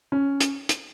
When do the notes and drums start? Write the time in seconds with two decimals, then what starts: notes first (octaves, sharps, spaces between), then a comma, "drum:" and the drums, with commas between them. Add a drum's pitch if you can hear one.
0.12 C#4
0.41 drum: hi-hat
0.69 drum: hi-hat